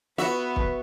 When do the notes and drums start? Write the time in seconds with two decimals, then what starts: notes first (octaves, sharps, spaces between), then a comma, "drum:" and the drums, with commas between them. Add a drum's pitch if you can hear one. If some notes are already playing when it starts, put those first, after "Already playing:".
0.18 B3 F#4 B4 E5, drum: snare
0.56 drum: kick